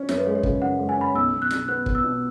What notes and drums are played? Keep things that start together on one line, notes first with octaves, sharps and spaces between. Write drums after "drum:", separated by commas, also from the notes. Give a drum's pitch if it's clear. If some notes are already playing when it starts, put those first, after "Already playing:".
Already playing: C#4
F#2 C#5, drum: snare
B4
G#3 C#5
C#5
C#3, drum: kick
F#2 F#5
G#3
G#5
C#4 B5
B1 E6
B1
F#6
B2, drum: snare
B3 F#6
B3, drum: kick
E6
B2